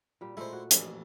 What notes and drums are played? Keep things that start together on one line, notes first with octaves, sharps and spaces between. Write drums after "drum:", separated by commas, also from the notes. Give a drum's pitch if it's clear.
A#2 G3
A#2 G#3 A3 E4 C5
F#4
A1 F2, drum: hi-hat